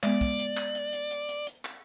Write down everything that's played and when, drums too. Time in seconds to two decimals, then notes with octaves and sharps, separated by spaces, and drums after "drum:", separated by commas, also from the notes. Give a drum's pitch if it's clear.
0.03 G#3 B3 D5, drum: clap
0.21 drum: kick, hi-hat
0.39 drum: hi-hat
0.57 drum: clap
0.75 drum: hi-hat
0.93 drum: hi-hat
1.11 drum: hi-hat
1.29 drum: hi-hat
1.47 drum: hi-hat
1.65 drum: clap